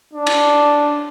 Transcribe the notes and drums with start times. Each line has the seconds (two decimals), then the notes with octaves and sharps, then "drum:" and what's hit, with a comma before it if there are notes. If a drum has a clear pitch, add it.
0.13 D4
0.27 drum: cymbal